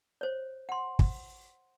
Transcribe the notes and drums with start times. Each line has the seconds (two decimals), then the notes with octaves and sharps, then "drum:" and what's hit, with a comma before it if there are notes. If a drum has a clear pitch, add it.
0.21 C5 C#5
0.69 F#5 C6
0.99 drum: kick